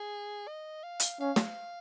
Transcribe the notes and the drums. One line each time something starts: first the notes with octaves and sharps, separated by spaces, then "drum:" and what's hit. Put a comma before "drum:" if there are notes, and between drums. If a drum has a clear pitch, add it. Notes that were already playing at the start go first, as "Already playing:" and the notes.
Already playing: G#4
D#5
F5
drum: hi-hat
C#4 F5
drum: snare